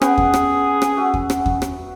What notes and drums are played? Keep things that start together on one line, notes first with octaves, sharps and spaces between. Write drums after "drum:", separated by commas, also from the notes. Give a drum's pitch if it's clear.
B3 C#4 G#4 F#5 G5, drum: rim click
drum: kick E2
drum: rim click
drum: rim click
F#4 E5
drum: kick E2
drum: rim click
drum: kick E2
drum: rim click